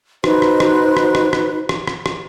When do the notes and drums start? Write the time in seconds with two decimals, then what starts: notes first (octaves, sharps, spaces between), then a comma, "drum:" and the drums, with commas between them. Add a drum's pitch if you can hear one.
0.24 D#4 F#4 B4 C5, drum: rim click
0.42 drum: rim click
0.60 drum: rim click
0.97 drum: rim click
1.15 drum: rim click
1.33 drum: rim click
1.69 drum: rim click
1.87 drum: rim click
2.06 drum: rim click